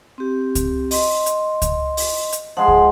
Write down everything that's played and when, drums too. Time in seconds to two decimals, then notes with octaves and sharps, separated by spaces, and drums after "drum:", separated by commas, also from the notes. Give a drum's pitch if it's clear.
0.18 C4 G4
0.55 drum: kick C#2, hi-hat
0.91 D#5 C6, drum: open hi-hat
1.26 drum: hi-hat
1.62 drum: kick C#2, hi-hat
1.97 drum: open hi-hat
2.33 drum: hi-hat
2.57 F3 G#3 F#5 C6
2.68 drum: kick C#2